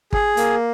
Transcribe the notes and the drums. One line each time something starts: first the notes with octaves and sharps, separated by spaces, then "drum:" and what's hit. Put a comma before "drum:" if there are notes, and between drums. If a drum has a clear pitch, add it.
G#4, drum: kick
A#3, drum: hi-hat